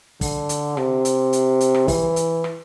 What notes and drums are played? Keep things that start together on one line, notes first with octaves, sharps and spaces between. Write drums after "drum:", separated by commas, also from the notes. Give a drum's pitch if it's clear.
D3, drum: kick, open hi-hat
drum: hi-hat
C3, drum: rim click
drum: hi-hat
drum: hi-hat
drum: hi-hat
drum: rim click
E3, drum: kick, open hi-hat
drum: hi-hat
drum: rim click